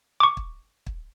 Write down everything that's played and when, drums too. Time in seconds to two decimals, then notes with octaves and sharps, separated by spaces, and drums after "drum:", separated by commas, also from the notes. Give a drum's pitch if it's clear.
0.20 C#6 D6
0.37 drum: kick
0.86 drum: kick